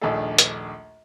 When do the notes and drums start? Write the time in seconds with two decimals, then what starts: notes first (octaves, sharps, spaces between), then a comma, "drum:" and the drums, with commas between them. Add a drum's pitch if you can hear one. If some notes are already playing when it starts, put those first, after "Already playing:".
0.01 A#1 D#2 A3 D4 G#4 A4
0.38 drum: hi-hat